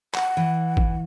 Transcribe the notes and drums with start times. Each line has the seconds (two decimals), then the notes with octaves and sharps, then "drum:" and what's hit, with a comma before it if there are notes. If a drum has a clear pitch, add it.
0.14 F#5, drum: clap
0.37 E3
0.77 drum: kick